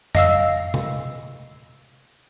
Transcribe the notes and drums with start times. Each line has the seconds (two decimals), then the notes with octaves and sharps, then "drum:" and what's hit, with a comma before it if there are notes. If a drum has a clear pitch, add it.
0.15 D#5 F5 E6, drum: tom F2
0.74 drum: tom C3